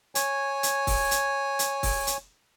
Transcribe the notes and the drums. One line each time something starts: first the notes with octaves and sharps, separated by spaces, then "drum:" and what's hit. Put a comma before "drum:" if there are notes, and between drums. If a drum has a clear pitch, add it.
C#5 G#5, drum: hi-hat
drum: hi-hat
drum: kick, open hi-hat
drum: hi-hat
drum: hi-hat
drum: kick, open hi-hat
drum: hi-hat